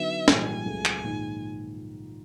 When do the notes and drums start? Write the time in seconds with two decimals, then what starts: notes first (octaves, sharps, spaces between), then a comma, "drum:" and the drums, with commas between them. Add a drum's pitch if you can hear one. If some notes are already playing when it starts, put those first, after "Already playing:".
Already playing: D3 F#3 B3 D#4 F#4 E5
0.28 A#1 G#2 E3 G3 G#5, drum: snare
0.65 C#2 C#3 F#3 A3
0.85 drum: clap
1.02 A#1 G#2 D#3